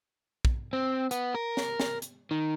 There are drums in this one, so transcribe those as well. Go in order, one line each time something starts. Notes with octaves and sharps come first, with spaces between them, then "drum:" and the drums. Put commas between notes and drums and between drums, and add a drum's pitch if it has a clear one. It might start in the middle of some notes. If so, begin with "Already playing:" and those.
drum: kick
C4
B3, drum: hi-hat
A#4
drum: snare
drum: snare
drum: hi-hat
D#3